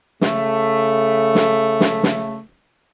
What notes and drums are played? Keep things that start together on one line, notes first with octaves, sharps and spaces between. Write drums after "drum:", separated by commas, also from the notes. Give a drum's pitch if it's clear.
C#3 A3, drum: snare
drum: snare
drum: snare
drum: snare